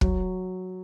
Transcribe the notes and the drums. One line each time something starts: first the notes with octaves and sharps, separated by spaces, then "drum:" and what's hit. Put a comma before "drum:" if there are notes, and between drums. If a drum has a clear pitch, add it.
F#3, drum: kick